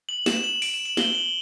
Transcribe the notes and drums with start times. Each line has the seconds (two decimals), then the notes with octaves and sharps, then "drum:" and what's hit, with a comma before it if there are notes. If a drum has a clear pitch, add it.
0.09 F#7
0.26 E7, drum: snare
0.44 F#7
0.62 D7, drum: open hi-hat
0.74 E7
0.86 F#7
0.97 G7, drum: snare
1.15 F#7